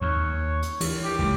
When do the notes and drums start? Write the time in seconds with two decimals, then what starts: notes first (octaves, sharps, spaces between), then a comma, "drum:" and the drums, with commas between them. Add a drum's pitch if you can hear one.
0.01 D#2 C#5
0.62 drum: hi-hat
0.81 E3, drum: cymbal
1.04 G4
1.19 F#1 C#2 C#3